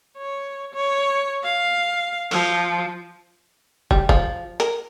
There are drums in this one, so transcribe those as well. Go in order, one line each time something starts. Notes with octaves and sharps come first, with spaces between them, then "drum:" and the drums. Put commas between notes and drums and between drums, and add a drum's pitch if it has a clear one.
C#5
C#5
F5
F3, drum: open hi-hat
G3, drum: kick
F3, drum: kick
A#4, drum: hi-hat